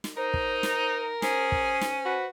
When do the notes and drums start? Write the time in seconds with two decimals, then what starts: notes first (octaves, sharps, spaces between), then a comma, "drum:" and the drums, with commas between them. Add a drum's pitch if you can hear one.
0.04 drum: snare
0.17 D#4 A#4 C5
0.34 drum: kick
0.63 drum: snare
1.22 C#4 G#4 C5, drum: snare
1.52 drum: kick
1.81 drum: snare
2.05 F#4 B4